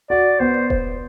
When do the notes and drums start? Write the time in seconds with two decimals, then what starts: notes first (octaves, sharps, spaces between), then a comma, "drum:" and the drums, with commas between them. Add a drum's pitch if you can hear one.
0.10 F#4 D5
0.39 B3 C5
0.70 C5, drum: kick E1